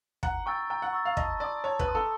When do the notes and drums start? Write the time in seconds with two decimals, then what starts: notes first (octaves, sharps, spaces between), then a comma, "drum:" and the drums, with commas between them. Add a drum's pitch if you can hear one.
0.23 F#5 A#5, drum: kick
0.46 G5 C#6 E6 A6
0.70 G5 A#5
0.82 F#5
0.93 C#6 E6 A6
1.05 F5
1.17 D#5 A5, drum: kick
1.40 D5 C6 D#6
1.64 C#5 A5
1.79 B4, drum: kick
1.88 C6 D#6
1.95 A4